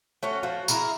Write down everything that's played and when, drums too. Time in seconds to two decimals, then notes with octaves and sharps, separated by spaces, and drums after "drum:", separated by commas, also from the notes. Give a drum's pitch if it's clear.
0.23 A3 C#4 F#4
0.43 F3 F#4
0.68 E4 G#4 A#4, drum: tambourine